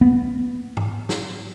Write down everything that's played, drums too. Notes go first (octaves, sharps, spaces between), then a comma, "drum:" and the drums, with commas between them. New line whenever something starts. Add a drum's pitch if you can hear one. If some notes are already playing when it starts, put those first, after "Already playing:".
B3
drum: tom G#2
drum: snare